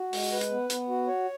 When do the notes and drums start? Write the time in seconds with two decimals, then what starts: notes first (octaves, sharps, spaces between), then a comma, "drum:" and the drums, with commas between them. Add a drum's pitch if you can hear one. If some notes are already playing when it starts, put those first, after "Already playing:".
Already playing: F#4
0.13 G#3, drum: open hi-hat
0.32 B4
0.41 drum: hi-hat
0.51 B3
0.70 B3, drum: hi-hat
0.89 F#4
1.07 C#5